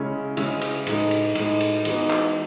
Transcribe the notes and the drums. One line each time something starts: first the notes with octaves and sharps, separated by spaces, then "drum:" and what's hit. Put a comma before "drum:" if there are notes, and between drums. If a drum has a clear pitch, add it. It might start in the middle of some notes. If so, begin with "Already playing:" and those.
Already playing: C#3 G#3 C#4 E4
C#3 G#3 C#4 E4, drum: cymbal
drum: cymbal
A2 G#3 D#4, drum: cymbal
drum: cymbal
A2 G#3 D#4, drum: cymbal
drum: cymbal
E3 G#3 B3 D#4, drum: cymbal
drum: clap